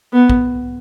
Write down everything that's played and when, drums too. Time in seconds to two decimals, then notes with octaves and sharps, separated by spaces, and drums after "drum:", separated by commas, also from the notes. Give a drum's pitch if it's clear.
0.13 B3
0.30 drum: kick